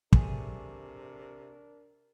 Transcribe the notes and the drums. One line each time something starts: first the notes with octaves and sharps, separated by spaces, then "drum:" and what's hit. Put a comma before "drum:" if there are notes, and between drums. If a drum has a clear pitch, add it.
C3 A3 D4 G#4 A#4, drum: kick